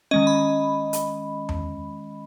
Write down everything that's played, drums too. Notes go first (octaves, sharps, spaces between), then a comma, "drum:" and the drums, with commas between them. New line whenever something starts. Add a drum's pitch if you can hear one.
D#3 G#3 C#4 D#5
B5
drum: hi-hat
drum: tom E2